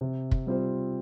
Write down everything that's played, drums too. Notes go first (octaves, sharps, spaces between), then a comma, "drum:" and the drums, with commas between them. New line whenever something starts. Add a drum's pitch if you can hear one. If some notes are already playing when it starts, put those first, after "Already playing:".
C3
drum: kick
G3 C4 F4 C5